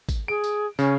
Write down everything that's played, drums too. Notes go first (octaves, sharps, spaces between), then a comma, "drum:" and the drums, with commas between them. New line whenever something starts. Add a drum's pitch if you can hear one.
drum: kick G#1, tambourine
G#4 D7
drum: tambourine
C#3 C#4, drum: tambourine